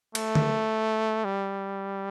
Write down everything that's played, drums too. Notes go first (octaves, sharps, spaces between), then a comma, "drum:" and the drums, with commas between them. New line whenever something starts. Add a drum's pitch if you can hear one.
A3, drum: cymbal
drum: tom D3
G3